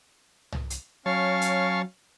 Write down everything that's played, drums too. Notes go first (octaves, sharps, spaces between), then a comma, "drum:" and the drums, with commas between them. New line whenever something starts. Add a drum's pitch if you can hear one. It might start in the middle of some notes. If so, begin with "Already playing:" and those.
drum: tom
drum: hi-hat
F#3 C#4 C#5 F5 A5 F6
drum: hi-hat